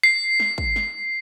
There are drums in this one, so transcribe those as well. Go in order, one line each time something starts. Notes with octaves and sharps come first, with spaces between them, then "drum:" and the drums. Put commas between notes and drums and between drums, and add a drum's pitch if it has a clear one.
C7
drum: snare
drum: kick
drum: snare